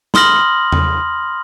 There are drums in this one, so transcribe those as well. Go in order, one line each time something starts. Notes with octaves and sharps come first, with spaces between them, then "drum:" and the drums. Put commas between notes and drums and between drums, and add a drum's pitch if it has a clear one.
B5 C6 D#6 F6 A#6 F#7, drum: snare
drum: tom E2